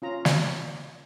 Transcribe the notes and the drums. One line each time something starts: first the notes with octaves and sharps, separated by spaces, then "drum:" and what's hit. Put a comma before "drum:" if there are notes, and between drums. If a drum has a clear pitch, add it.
C#4 F4 A#5
drum: snare